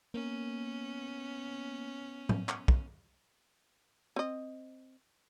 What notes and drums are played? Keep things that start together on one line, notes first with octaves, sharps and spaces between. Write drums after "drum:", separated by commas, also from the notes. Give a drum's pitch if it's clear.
A#3 B3 C#4
drum: tom
drum: clap
drum: kick
C4 D#5